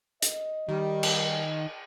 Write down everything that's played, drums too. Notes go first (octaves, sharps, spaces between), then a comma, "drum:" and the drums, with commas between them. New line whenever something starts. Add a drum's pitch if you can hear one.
D#5, drum: hi-hat
D#3 G3
drum: cymbal